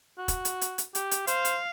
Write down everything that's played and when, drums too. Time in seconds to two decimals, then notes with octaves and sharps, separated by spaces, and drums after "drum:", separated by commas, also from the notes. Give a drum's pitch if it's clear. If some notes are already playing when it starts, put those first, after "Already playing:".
0.18 F#4
0.28 drum: kick, hi-hat
0.45 drum: hi-hat
0.61 drum: hi-hat
0.78 drum: hi-hat
0.95 G4, drum: hi-hat
1.11 drum: hi-hat
1.27 C5 F5, drum: hi-hat
1.45 drum: hi-hat